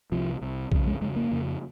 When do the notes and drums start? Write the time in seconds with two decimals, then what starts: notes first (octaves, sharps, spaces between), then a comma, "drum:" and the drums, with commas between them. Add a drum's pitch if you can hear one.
0.12 C2 C3 F3
0.42 C2 C3
0.72 F2 C#3, drum: kick B1
0.87 G#3
1.01 F2 C#3 G#3
1.16 A#3
1.31 F2 C#3